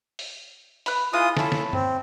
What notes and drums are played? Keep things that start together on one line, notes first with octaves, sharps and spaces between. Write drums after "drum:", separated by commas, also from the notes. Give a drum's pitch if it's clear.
drum: open hi-hat
B4 B5, drum: open hi-hat
E3 G#3 F4 D#6
C#4 E4 A4, drum: snare
drum: snare
C4, drum: tom G2